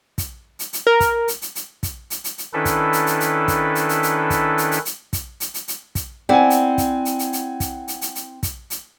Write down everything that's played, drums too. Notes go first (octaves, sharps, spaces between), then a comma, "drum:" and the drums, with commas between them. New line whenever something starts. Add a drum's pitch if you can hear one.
drum: kick, hi-hat
drum: hi-hat
drum: hi-hat
A#4
drum: kick, hi-hat
drum: hi-hat
drum: hi-hat
drum: hi-hat
drum: kick, hi-hat
drum: hi-hat
drum: hi-hat
drum: hi-hat
D#3 C#4 D4 E4 A4 B4
drum: kick, hi-hat
drum: hi-hat
drum: hi-hat
drum: hi-hat
drum: kick, hi-hat
drum: hi-hat
drum: hi-hat
drum: hi-hat
drum: kick, hi-hat
drum: hi-hat
drum: hi-hat
drum: hi-hat
drum: kick, hi-hat
drum: hi-hat
drum: hi-hat
drum: hi-hat
drum: kick, hi-hat
C4 E4 D5 F#5 G#5
drum: hi-hat
drum: kick, hi-hat
drum: hi-hat
drum: hi-hat
drum: hi-hat
drum: kick, hi-hat
drum: hi-hat
drum: hi-hat
drum: hi-hat
drum: kick, hi-hat
drum: hi-hat